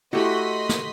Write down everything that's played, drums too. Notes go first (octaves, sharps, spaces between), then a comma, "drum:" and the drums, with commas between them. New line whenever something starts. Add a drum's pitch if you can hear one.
A3 E4 F#4 G4 D#5 B5 C6
drum: snare